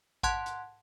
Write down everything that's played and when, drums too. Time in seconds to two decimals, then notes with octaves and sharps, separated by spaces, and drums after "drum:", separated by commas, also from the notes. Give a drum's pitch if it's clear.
0.23 F#5 A5 C6 F#6 G#6, drum: kick A1
0.46 drum: hi-hat